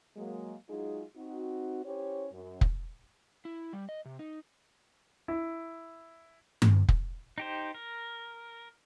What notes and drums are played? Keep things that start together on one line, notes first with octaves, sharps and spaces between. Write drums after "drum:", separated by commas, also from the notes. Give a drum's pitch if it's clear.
F#3 G#3 A#3
F#3 G#3 D#4 F4 F#4 G#4
C4 D#4 F#4
C#4 E4 G4 C5 C#5
F#2
drum: kick
E4
G3
D#5
C3
D#4
E4
drum: tom G2
drum: kick
D#4 G4 C5
A#4